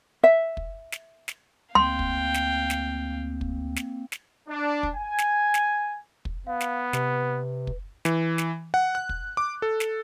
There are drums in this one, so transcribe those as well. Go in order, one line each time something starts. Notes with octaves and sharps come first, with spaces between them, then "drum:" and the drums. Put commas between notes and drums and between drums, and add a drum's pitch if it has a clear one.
E5
drum: kick
drum: snare
drum: snare
D2 A#3 C4 F5 G5 C6
drum: kick
drum: snare
drum: snare
drum: kick
drum: snare
drum: snare
D4
drum: kick
G#5
drum: snare
drum: snare
drum: kick
B3 F5
drum: snare
C3 B4, drum: snare
drum: kick
E3, drum: snare
drum: snare
F#5
F#6
drum: kick
D6
A4
drum: snare